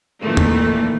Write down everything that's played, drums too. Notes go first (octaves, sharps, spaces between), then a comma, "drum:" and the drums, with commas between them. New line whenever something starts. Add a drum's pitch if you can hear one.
A#2 D#3 E3 A3
drum: tom